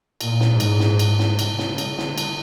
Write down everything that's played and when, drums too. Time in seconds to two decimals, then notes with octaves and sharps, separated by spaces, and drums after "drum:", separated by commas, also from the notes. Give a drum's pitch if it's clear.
0.21 A#2, drum: cymbal
0.40 drum: snare
0.50 G#2
0.60 drum: cymbal
0.80 drum: snare
0.99 drum: cymbal
1.19 drum: snare
1.39 C3, drum: cymbal
1.58 drum: snare
1.68 C#3
1.78 drum: cymbal
1.98 D3, drum: snare
2.18 drum: cymbal